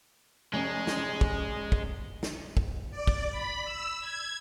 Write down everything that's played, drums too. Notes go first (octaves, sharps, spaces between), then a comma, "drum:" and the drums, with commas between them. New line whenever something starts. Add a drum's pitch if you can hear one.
F1 G#3 C#4
drum: snare
drum: kick
drum: kick
drum: snare
drum: kick
D5
drum: kick
B5
E6
G#6